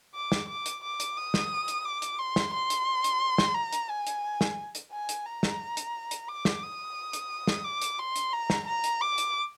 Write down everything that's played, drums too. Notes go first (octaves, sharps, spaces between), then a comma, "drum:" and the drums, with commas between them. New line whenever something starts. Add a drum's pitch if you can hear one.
D6
drum: snare
D6
drum: hi-hat
D6
drum: hi-hat
D#6
drum: snare
drum: hi-hat
D6
drum: hi-hat
C6
drum: snare
C6
drum: hi-hat
drum: hi-hat
drum: snare
A#5
drum: hi-hat
G#5
drum: hi-hat
drum: snare
drum: hi-hat
G#5
drum: hi-hat
A#5
drum: snare
drum: hi-hat
drum: hi-hat
D6
drum: snare
D#6
drum: hi-hat
drum: snare
D6
drum: hi-hat
C6
drum: hi-hat
A#5
drum: snare
A#5
drum: hi-hat
D6
drum: hi-hat